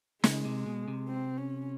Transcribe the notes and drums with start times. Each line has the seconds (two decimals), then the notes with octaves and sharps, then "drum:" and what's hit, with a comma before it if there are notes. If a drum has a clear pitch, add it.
0.24 C#3 G#3, drum: snare
0.45 C3
0.66 B2
0.88 C3
1.08 C4
1.37 C#4